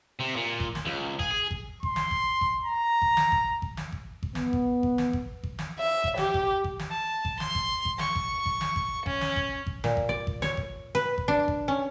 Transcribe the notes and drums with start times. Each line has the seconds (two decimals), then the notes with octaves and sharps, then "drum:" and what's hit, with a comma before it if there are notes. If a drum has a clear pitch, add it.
0.20 C3
0.36 A#2
0.60 drum: kick G#1
0.75 drum: snare
0.85 C#2
1.19 G#4, drum: kick G#1
1.31 G#4
1.51 drum: kick G#1
1.83 C6, drum: kick G#1
1.96 drum: snare
2.11 drum: kick G#1
2.41 drum: kick G#1
2.65 A#5
3.02 drum: kick G#1
3.17 drum: snare
3.32 drum: kick G#1
3.62 drum: kick G#1
3.77 drum: snare
3.92 drum: kick G#1
4.23 drum: kick G#1
4.35 B3, drum: snare
4.53 drum: kick G#1
4.83 drum: kick G#1
4.98 drum: snare
5.13 drum: kick G#1
5.43 drum: kick G#1
5.59 drum: snare
5.80 E5
6.04 drum: kick G#1
6.17 G4, drum: snare
6.34 drum: kick G#1
6.64 drum: kick G#1
6.79 drum: snare
6.90 A5
7.25 drum: kick G#1
7.40 C6, drum: snare
7.55 drum: kick G#1
7.85 drum: kick G#1
7.99 C#6, drum: snare
8.15 drum: kick G#1
8.46 drum: kick G#1
8.61 drum: snare
8.76 drum: kick G#1
9.06 C#4, drum: kick G#1
9.21 drum: snare
9.36 drum: kick G#1
9.67 drum: kick G#1
9.84 A#2, drum: snare
9.97 drum: kick G#1
10.09 D5
10.27 drum: kick G#1
10.42 C#5, drum: snare
10.57 drum: kick G#1
10.95 B4
11.18 drum: kick G#1
11.28 D4
11.48 drum: kick G#1
11.68 C#4